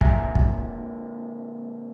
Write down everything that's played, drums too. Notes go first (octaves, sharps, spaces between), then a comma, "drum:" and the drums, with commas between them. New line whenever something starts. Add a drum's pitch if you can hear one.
A#2 D3 G#3 E5 G#5 A#5, drum: kick
drum: kick